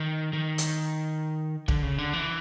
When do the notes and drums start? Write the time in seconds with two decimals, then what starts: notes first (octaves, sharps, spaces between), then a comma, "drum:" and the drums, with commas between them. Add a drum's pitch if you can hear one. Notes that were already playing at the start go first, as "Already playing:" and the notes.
Already playing: D#3
0.33 D#3
0.58 drum: hi-hat
1.68 D3, drum: kick
1.83 C#3
1.98 D3
2.13 E3